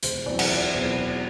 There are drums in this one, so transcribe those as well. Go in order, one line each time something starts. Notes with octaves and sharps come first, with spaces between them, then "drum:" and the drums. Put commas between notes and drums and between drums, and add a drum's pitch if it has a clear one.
E1 C5, drum: hi-hat
E2 B2 F#3 C4 D5
F#5, drum: cymbal
E1 E5
D5
C5
E2 B2 F#3 C4
B4
E1